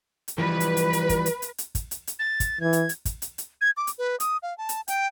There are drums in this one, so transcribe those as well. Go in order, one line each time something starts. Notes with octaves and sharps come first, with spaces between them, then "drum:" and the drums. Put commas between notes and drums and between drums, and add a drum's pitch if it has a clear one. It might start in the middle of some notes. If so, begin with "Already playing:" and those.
drum: hi-hat
E3 F3 G3 B4
drum: hi-hat
drum: hi-hat
drum: hi-hat
drum: kick, hi-hat
drum: hi-hat
drum: hi-hat
drum: hi-hat
drum: kick, hi-hat
drum: hi-hat
drum: hi-hat
A6
drum: kick, hi-hat
E3 G#6
drum: hi-hat
drum: hi-hat
drum: kick, hi-hat
drum: hi-hat
drum: hi-hat
G#6
D6
drum: hi-hat
B4
D#6, drum: hi-hat
F5
A5
drum: hi-hat
G5, drum: hi-hat